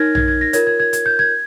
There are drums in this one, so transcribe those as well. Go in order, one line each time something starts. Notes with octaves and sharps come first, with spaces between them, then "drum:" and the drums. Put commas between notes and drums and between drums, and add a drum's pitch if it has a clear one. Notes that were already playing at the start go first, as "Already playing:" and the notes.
Already playing: D#4 A#4 C#5 F6 G#6 A#6
G#6, drum: tom A#1
G#6
A#6
F4 A#4 C#5 G#6, drum: hi-hat
G#6
G#6
G#6, drum: hi-hat
G6
G#6